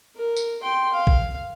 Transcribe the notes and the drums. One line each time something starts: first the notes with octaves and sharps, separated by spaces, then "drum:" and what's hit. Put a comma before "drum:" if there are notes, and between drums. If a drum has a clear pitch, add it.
A#4
drum: tambourine
G5 C6
F5
drum: kick